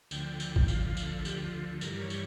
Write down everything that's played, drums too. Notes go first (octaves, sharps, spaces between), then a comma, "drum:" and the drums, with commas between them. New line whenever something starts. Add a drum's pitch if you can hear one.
D2 D3 F3 G5, drum: tambourine
drum: tambourine
G5, drum: kick
D2 D3 F3 F5, drum: tambourine
F5
drum: tambourine
A4
D2 D3 F3 G4, drum: tambourine
F4
A4
G2 E3 G3 A#4, drum: tambourine
C#5
drum: tambourine